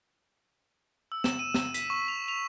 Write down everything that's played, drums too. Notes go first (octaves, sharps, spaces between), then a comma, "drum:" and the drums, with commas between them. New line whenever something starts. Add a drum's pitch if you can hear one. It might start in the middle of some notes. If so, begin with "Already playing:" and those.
E6
E7, drum: snare
D#7
E6, drum: snare
B6, drum: hi-hat
C#6
F7
F7